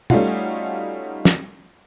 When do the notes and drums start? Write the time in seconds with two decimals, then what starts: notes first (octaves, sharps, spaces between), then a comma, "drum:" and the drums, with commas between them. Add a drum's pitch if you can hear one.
0.10 G3 A3 C#4 D#4 F4 F#4, drum: tom
1.25 drum: snare